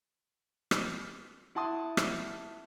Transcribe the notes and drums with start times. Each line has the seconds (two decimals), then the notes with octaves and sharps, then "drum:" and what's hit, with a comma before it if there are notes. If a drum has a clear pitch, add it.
0.71 drum: rim click
1.55 E4 F#5 A5 C6 D#6
1.97 drum: rim click